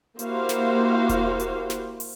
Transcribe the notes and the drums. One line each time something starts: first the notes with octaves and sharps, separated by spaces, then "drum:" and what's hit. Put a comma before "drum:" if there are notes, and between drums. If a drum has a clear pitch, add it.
A#3 E4 F#4 G4 C5 F5, drum: hi-hat
drum: snare
drum: kick E1, hi-hat
drum: hi-hat
drum: snare
drum: open hi-hat